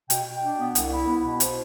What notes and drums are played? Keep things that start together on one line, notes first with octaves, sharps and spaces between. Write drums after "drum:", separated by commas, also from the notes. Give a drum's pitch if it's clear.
B2 G5, drum: hi-hat
B2
G5
D4
B3
C2, drum: hi-hat
E4
B3
B2
C5, drum: hi-hat